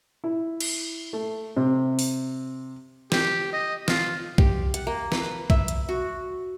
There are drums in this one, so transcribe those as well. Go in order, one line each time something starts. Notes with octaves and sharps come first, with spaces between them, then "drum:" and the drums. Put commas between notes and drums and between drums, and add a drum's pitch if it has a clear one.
E4
drum: cymbal
A3
C3
drum: open hi-hat
G4, drum: snare
D#5
F4, drum: snare
G4, drum: kick A#1
F#5, drum: hi-hat
A#3
B4, drum: snare
E5, drum: kick A#1
drum: hi-hat
F#4